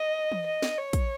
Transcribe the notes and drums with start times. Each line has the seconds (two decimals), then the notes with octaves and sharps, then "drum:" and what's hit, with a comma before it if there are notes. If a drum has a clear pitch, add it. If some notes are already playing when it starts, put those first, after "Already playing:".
Already playing: D#5
0.32 drum: tom E3
0.46 D#5
0.62 drum: snare
0.78 C#5
0.93 drum: kick, hi-hat